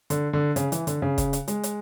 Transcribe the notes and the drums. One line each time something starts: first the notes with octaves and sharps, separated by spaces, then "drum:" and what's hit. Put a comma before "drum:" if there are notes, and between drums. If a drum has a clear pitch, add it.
D3, drum: hi-hat
D3
C#3, drum: hi-hat
E3, drum: hi-hat
D3, drum: hi-hat
C#3
drum: kick, hi-hat
drum: hi-hat
G#3, drum: hi-hat
drum: hi-hat